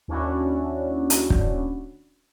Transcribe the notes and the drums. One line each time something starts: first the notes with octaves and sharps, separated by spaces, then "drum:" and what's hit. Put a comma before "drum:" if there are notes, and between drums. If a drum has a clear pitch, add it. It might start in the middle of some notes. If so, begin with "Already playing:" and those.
D#2 C#4 D4 E4 F#4
drum: hi-hat
drum: kick